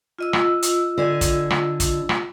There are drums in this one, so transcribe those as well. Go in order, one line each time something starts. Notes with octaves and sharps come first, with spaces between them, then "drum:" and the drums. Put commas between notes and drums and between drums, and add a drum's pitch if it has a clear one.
F4 D#5 E6
drum: rim click
drum: hi-hat
D3 G#5
drum: kick, hi-hat
drum: rim click
drum: kick, hi-hat
drum: rim click